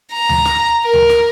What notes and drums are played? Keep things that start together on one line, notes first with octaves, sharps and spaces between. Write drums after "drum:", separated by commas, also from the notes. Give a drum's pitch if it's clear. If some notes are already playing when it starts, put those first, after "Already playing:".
A#5
drum: tom D2
drum: snare
A#4
drum: tom D2
drum: snare